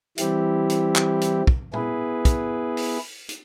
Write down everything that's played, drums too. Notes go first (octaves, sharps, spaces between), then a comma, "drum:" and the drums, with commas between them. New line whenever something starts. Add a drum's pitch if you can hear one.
E3 G3 C4 E4 G4, drum: hi-hat
drum: hi-hat
drum: clap
drum: hi-hat
drum: kick
B3 E4 G#4 B4, drum: tom
drum: kick, hi-hat
drum: open hi-hat
drum: hi-hat